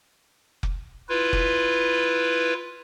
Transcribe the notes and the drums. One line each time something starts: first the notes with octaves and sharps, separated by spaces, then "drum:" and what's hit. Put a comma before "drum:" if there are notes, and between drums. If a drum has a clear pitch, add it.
drum: kick F1
E4 F4 B4
drum: kick F1